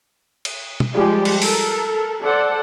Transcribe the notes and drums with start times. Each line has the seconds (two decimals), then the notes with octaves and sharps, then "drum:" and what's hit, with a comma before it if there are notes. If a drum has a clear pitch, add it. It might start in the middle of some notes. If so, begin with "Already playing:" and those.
0.45 drum: cymbal
0.80 drum: tom
0.93 F3 G3 G#3 G4 D5
1.25 drum: cymbal
1.42 A4 A#4, drum: open hi-hat
2.23 A4 C5 D5 F#5 A5